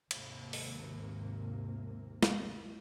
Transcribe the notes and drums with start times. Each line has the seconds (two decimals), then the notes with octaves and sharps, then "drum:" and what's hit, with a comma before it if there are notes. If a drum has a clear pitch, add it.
0.11 G#1 D#2 C3 A#3, drum: cymbal
0.53 drum: open hi-hat
2.23 drum: snare